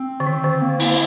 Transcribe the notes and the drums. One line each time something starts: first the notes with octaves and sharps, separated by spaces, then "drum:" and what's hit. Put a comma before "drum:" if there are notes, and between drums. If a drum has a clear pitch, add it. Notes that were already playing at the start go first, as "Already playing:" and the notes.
Already playing: C4
D3
D#3
D3
A#3
E4, drum: open hi-hat